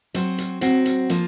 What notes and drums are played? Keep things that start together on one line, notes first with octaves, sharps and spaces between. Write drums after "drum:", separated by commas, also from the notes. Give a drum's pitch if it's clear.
F#3 C4 F#4 C5, drum: hi-hat
drum: hi-hat
F#3 C4 F#4 C5, drum: hi-hat
drum: hi-hat
F3 A#3 F4 C5, drum: hi-hat